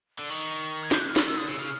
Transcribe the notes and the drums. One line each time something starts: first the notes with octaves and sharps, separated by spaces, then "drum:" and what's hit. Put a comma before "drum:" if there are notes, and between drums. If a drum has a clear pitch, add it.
D3
D#3 C#6
G#6
G6, drum: snare
F#6
F6
F#3 E6, drum: snare
D#3 E6
D3 D#6
C#3 E6
C#3 F6